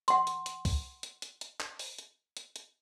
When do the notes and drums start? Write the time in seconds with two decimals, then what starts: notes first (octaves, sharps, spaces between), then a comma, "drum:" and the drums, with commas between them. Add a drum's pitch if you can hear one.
0.08 F#5 C6, drum: hi-hat
0.27 drum: hi-hat
0.46 drum: hi-hat
0.65 drum: kick C#2, open hi-hat
1.03 drum: hi-hat
1.22 drum: hi-hat
1.41 drum: hi-hat
1.60 drum: clap
1.79 drum: open hi-hat
1.98 drum: hi-hat
2.37 drum: hi-hat
2.56 drum: hi-hat